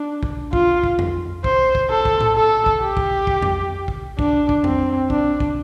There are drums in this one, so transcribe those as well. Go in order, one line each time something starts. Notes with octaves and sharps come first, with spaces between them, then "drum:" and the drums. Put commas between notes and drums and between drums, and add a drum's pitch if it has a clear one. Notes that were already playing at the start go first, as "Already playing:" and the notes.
Already playing: D4
drum: kick
F4, drum: kick
drum: kick
drum: tom F2
C5, drum: kick
drum: kick
A4
drum: kick
drum: tom A2
A4
drum: kick
G4
drum: kick
drum: kick
drum: tom F2
drum: kick
D4, drum: kick
drum: kick
C4, drum: tom F2
D4, drum: kick
drum: kick